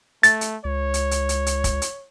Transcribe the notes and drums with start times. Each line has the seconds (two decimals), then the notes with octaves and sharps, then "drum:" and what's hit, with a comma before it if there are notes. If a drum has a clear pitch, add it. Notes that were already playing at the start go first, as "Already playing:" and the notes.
0.23 A3 A6, drum: hi-hat
0.41 drum: hi-hat
0.65 C#2 C#5
0.94 drum: hi-hat
1.11 drum: hi-hat
1.29 drum: hi-hat
1.46 drum: hi-hat
1.64 drum: kick, hi-hat
1.82 drum: hi-hat